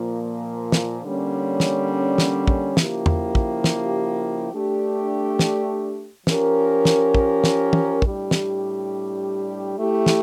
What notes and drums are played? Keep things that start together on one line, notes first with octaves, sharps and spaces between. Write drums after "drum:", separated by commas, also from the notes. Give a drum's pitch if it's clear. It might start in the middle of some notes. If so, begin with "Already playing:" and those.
Already playing: A#2 F3 A#3
drum: snare
D3 G3 A#3 C#4
drum: snare
drum: snare
drum: kick
C#3 F3 A#3 E4 G4, drum: snare
drum: tom E2
drum: kick
drum: snare
A3 D4 G4
drum: snare
F3 C#4 G4 A#4, drum: snare
drum: snare
drum: kick
drum: snare
drum: tom
A2 G3 D4 G4, drum: kick
drum: snare
A3 E4 G4
drum: snare